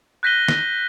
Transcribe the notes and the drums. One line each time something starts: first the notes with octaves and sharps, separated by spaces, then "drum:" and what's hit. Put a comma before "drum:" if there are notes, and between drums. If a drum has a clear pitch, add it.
F#6 G6 A#6 B6 D#7 G7
drum: snare